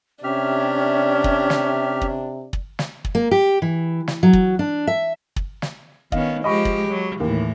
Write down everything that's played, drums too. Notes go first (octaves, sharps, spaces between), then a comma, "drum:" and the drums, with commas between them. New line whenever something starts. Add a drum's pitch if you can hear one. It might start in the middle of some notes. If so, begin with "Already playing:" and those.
C3 C#4 D4 G4 E5 F6
drum: kick
drum: snare
drum: kick
drum: kick
drum: snare
drum: kick
A#3
G4
E3
drum: snare
F#3
drum: kick
D4
E5
drum: kick
drum: snare
D#3 B3 C#4 D#5 F5, drum: kick
F3 G#3 G4 D#5 B5 C#6
drum: kick
F#3
D#2 A2 E3